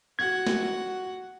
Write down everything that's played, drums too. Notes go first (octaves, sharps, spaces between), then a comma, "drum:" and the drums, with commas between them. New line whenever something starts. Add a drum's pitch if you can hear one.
F#4 F#5 G#6
drum: snare